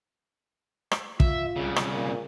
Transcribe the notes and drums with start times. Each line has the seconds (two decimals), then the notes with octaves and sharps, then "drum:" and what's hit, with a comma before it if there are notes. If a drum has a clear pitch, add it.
0.91 drum: rim click
1.20 F4 E5, drum: kick
1.56 C2 C#3
1.76 drum: rim click
1.93 A#2